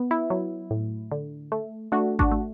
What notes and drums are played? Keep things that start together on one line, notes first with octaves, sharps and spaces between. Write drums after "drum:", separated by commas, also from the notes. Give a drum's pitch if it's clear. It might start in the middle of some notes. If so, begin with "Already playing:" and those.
Already playing: B3
E4
F#3
A2
D3
A3
A3 D4 F#4
D4 F#4, drum: kick G#1
A3